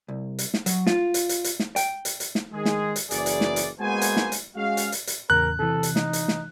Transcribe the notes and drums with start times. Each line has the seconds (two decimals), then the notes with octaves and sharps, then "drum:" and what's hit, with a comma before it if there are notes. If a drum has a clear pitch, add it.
0.08 C2
0.39 drum: hi-hat
0.54 drum: snare
0.66 F#3, drum: hi-hat
0.87 F4, drum: snare
1.14 drum: hi-hat
1.29 drum: hi-hat
1.44 drum: hi-hat
1.60 drum: snare
1.76 G5, drum: hi-hat
2.05 drum: hi-hat
2.20 drum: hi-hat
2.35 drum: snare
2.53 D#3 G#3 G#4
2.65 drum: snare
2.96 drum: hi-hat
3.11 F#1 E3 F#3 G#4 D5, drum: hi-hat
3.26 drum: hi-hat
3.41 drum: snare
3.56 drum: hi-hat
3.80 G#3 A#3 B3 F#4 C5 G#5
4.01 drum: hi-hat
4.17 drum: snare
4.32 drum: hi-hat
4.56 G#3 C#4 F#4 G#4 F5
4.77 drum: hi-hat
4.92 drum: hi-hat
5.07 drum: hi-hat
5.30 E2 A2 C#3 A#4 F#6
5.59 C3 E3 A4
5.83 drum: hi-hat
5.96 D#4, drum: snare
6.13 drum: hi-hat
6.28 drum: snare